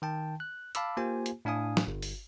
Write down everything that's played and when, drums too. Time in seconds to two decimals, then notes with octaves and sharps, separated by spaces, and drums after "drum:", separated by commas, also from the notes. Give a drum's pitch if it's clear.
0.02 D#3 G5 A5
0.40 F#6
0.75 F5 A5 B5 D6 E6, drum: hi-hat
0.97 A#3 F4 G4 C5 G#5
1.26 drum: hi-hat
1.45 A2 D4 F5 G#5 D#6
1.77 drum: snare
1.87 G1
2.02 drum: open hi-hat